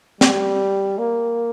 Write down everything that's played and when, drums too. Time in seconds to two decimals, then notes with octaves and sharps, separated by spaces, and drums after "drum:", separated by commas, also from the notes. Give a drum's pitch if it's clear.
0.21 G3, drum: snare
0.98 A#3